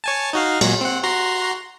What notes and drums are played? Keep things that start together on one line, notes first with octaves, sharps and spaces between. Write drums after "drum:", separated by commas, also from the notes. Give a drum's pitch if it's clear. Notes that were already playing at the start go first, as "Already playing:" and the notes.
C#5 G#5 A5
D#4 F#4 F5
A#2 F#3 G#3, drum: cymbal
C4 F#5
F#4 A#5 C6